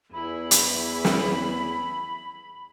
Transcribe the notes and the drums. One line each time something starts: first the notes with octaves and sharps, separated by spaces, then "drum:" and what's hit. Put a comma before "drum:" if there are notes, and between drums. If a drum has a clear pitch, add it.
E2 B3 E4 G#4 B5
drum: hi-hat
drum: snare